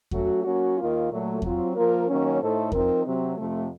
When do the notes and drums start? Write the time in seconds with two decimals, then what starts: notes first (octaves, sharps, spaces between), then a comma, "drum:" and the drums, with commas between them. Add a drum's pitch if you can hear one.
0.11 F#3 A3 C#4 F#4, drum: kick E2
0.44 F#3 A#3 C#4 F#4
0.77 D#2 D#3 A#3 F4
1.09 A#2 F#3 A3
1.42 F#3 C4 F4, drum: kick E2
1.74 F3 A#3 F4 A#4
2.07 D#3 F#3 A#3 C#4
2.39 A2 A3 D#4 A4 C5
2.72 F3 C4 D#4 A#4, drum: kick E2
3.04 C3 F#3 C4
3.37 F2 C3 F3 A3